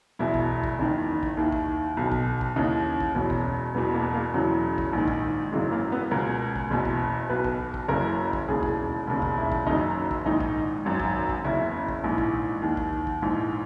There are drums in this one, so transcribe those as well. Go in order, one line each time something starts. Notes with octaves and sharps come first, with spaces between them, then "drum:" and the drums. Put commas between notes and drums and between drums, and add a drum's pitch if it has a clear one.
E1 E2 B2 E4
drum: kick
drum: kick
F#1 E2 D#3
drum: kick
D#2 D#3 E4
drum: kick
B1 B2
drum: kick
drum: kick
D#2 C#3 E3 D#4
drum: kick
E1 E2 B2 C#4
drum: kick
E1 E2 B2 B3
A#3
A#3
E1 E2 C#3 E3 F#3
drum: kick
A#1 G#2 D#3
drum: kick
G#1 F#2 C#3 E3 G#3
A#3
B3
C#2 B2 A#4
drum: kick
F#1 E2 B2
drum: kick
B1 B2 B4
drum: kick
drum: kick
F#1 F#2 C#3 E3 A#4
drum: kick
E1 D#2 C#3 E3 G#4
drum: kick
E1 D#2 C#3
drum: kick
E4
drum: kick
F#1 F#2 D#3 D#4
drum: kick
A#1 G#2 D#3 D#4
drum: kick
G#1 F#2 D#3
drum: kick
drum: kick
F#1 E2 C#3 E3 E4
drum: kick
A#1 G#2 E3
drum: kick
D#2 D#3
drum: kick
drum: kick
A#1 G#2 E3